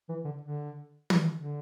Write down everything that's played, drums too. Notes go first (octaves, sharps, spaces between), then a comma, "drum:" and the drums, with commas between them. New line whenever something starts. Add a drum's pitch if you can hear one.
E3
D3
D3
drum: tom
D3